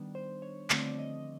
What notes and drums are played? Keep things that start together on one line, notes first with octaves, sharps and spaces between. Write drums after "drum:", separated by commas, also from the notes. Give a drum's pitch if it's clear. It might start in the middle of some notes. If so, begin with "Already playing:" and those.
Already playing: D#3 G3 B3 D4
C5
C#5
D3 F3 A3 C4 D5, drum: clap
D#5